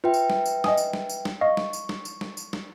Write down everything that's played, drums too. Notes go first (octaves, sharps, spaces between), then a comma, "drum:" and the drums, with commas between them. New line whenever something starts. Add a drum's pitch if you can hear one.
F4 B4 E5 G5
drum: tambourine
drum: snare
drum: tambourine
D#5 G#5 D#6, drum: snare
drum: tambourine
drum: snare
drum: tambourine
drum: snare
D#5 F5 C#6
drum: snare
drum: tambourine
drum: snare
drum: tambourine
drum: snare
drum: tambourine
drum: snare